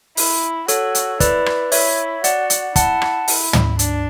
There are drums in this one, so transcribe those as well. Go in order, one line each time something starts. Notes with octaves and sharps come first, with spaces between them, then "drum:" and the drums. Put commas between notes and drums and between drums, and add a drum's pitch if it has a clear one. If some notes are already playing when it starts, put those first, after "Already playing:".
E4, drum: open hi-hat
F#4 A4 C#5, drum: hi-hat
drum: hi-hat
E4 B4 D5, drum: kick, hi-hat
drum: rim click
E4 C#5 E5, drum: open hi-hat
F#4 D5 F#5, drum: hi-hat
drum: hi-hat
E4 F#5 A5, drum: kick, hi-hat
drum: rim click
E4, drum: open hi-hat
drum: tom
D4, drum: hi-hat